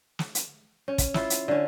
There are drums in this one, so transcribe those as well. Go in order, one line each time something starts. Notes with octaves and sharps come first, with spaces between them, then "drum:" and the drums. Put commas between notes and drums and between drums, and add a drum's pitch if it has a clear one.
drum: snare
drum: hi-hat
C#4
drum: kick, hi-hat
E4 F4, drum: snare
drum: hi-hat
D3 C#4